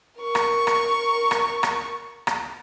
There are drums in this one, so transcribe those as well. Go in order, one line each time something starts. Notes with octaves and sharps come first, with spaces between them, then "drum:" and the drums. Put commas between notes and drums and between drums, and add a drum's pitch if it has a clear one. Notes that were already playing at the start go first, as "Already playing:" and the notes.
A#4 C#6
drum: rim click
drum: rim click
drum: rim click
drum: rim click
drum: rim click